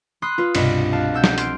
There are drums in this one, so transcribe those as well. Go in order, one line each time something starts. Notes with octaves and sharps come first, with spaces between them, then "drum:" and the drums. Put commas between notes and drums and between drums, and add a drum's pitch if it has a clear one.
B5 C6 D#6 F#6
F4 B4
C2 G2 B2 D#5 B5 F6, drum: cymbal
F5 A5 F#6
F#5 E6 G6
drum: snare
C6 F6 D7, drum: hi-hat